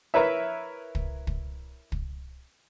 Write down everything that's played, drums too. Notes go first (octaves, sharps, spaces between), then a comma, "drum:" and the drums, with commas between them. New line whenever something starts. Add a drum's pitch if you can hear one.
E4 A#4 B4 C#5 E5
drum: kick
drum: kick
drum: kick